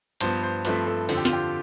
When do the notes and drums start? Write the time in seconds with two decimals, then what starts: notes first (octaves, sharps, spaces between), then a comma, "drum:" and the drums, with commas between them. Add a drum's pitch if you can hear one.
0.21 G2 F3 B3 C5, drum: hi-hat
0.43 C5
0.65 G2 F3 A3 C4 B4, drum: hi-hat
0.87 A4
1.09 F2 D3 F3 C4 A4, drum: open hi-hat
1.17 G4
1.25 F4, drum: snare
1.33 G4